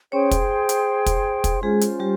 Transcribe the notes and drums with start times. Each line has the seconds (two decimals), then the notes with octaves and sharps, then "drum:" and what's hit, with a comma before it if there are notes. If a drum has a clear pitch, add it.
0.12 C#4 G#4 C5 C#5 G5 C6
0.31 drum: kick, hi-hat
0.69 drum: hi-hat
1.06 drum: kick, hi-hat
1.44 drum: kick, hi-hat
1.63 G#3 C#4 F4 G#4 C5
1.81 drum: hi-hat
2.00 G3 G4